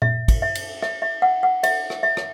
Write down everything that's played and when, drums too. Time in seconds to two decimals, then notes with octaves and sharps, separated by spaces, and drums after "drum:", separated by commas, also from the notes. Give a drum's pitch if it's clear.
0.02 E5, drum: tom A#2
0.28 drum: kick, cymbal
0.42 E5
0.55 drum: cymbal
0.82 E5, drum: rim click
1.02 E5
1.22 F#5
1.43 F#5
1.63 E5, drum: cymbal
1.90 drum: rim click
2.03 E5
2.17 drum: rim click